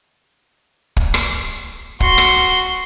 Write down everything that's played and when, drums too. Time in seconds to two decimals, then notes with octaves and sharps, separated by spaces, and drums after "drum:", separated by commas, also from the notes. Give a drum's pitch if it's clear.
0.97 drum: kick
1.14 drum: rim click
2.00 F#4 C6, drum: kick
2.18 drum: rim click